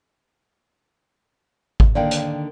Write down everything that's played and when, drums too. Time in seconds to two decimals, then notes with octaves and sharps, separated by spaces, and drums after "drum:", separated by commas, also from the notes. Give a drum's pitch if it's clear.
1.80 drum: kick G#1
1.95 D3 D#3 A#3 D5 F5 G5
2.11 drum: hi-hat